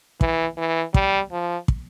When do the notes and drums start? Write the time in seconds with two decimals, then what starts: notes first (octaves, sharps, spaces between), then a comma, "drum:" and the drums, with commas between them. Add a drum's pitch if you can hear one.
0.21 E3, drum: kick
0.58 E3
0.94 G3, drum: kick
1.32 F3
1.68 drum: kick